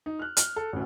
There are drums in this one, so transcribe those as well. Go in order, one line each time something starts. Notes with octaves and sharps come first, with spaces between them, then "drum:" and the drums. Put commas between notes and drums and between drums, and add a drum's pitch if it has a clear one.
D#4
F6 F#6
F6, drum: hi-hat
A4
A1 D2